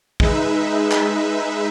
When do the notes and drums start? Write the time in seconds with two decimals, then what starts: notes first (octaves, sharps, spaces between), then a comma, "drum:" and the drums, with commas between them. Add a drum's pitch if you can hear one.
0.20 G#3 D#4 B4 E5, drum: kick
0.92 drum: clap